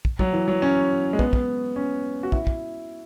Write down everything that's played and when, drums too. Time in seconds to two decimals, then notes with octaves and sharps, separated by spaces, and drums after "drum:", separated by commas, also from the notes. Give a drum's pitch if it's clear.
0.05 drum: kick
0.19 F#3, drum: kick
0.33 E3
0.48 F#3
0.62 C#4
1.13 G#3
1.19 B3, drum: kick
1.33 drum: kick
1.76 C#4
2.23 F#4
2.32 E4, drum: kick
2.47 drum: kick